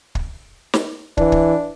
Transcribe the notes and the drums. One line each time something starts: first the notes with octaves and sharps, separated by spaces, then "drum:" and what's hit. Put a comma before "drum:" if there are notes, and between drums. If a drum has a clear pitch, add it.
drum: kick
drum: snare
E3 D4, drum: kick
drum: kick